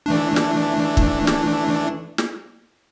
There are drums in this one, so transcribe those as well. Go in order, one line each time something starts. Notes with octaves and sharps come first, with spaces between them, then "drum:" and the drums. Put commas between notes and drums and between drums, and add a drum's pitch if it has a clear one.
E3 A3 D4
drum: snare
drum: kick
drum: snare
drum: snare